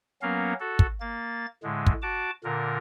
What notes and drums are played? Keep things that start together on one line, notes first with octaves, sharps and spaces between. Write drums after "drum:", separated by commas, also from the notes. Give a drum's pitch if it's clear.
F#3 A#3 B3 C#4 A#4 F5
F#4 A4
drum: kick
A#3 A6
A2 D3 G#3
drum: kick
F#4 A5 D6
A#2 D3 A#4